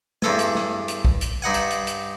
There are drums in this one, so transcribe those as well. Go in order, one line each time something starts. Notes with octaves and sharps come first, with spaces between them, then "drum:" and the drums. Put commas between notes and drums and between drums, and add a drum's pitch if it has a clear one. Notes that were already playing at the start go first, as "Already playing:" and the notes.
E2 G2 A4 G#5, drum: snare
drum: hi-hat
drum: snare
drum: hi-hat
drum: kick
drum: hi-hat
G2 D#4 F#5 G#5
drum: hi-hat
drum: hi-hat
drum: hi-hat